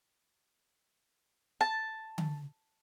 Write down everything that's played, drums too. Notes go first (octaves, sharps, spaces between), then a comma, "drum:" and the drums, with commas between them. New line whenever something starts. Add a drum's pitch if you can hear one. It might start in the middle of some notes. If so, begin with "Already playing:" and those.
A5
drum: tom D3